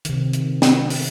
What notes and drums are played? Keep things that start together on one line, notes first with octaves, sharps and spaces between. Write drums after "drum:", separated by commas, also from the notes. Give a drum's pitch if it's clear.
C3 D#3, drum: hi-hat
drum: hi-hat
drum: snare
drum: open hi-hat